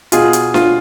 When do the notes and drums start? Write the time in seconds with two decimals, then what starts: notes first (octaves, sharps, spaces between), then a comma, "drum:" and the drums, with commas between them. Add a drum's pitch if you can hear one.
0.12 B2 F4 G#4, drum: hi-hat
0.33 drum: hi-hat
0.54 F4, drum: snare D4